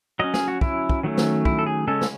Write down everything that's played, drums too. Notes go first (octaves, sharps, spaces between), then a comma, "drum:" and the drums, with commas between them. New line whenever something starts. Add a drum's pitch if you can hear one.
F#3 C#4 D#5
G#4, drum: snare
F#4
E4, drum: kick
drum: kick
D#3 F#3 A3 C#4
drum: snare
E4, drum: kick
A4
G#4
C#3 G#3 C#4 A4
drum: snare